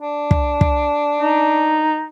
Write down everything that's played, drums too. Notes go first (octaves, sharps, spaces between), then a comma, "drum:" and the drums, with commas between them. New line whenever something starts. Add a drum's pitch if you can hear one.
D4
drum: kick
drum: kick
D#4